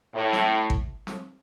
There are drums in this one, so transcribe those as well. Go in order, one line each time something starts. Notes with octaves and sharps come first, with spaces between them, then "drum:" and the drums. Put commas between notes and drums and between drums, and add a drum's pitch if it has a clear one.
A2
drum: snare
drum: kick
drum: snare